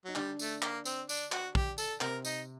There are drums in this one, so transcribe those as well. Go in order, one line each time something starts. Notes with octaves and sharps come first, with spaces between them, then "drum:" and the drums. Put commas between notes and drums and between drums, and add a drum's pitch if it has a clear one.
F#3 D#4
D3 G3 D4, drum: clap
A3, drum: tambourine
A#3, drum: clap
C4, drum: tambourine
D4, drum: tambourine
F#4, drum: clap
G4, drum: kick
A4, drum: tambourine
C3 C4 A#4, drum: clap
D#4, drum: tambourine